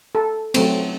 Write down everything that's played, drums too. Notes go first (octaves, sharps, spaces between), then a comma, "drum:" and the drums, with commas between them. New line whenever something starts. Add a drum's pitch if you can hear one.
A4
F#3 A3 C4, drum: cymbal